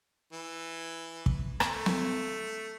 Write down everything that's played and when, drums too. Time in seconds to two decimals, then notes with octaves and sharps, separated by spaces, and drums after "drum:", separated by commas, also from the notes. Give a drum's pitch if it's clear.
0.33 E3
1.26 drum: kick
1.60 A3, drum: rim click
1.86 drum: snare